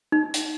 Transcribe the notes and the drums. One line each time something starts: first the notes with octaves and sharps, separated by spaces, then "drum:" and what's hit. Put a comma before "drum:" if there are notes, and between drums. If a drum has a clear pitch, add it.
D#4
drum: hi-hat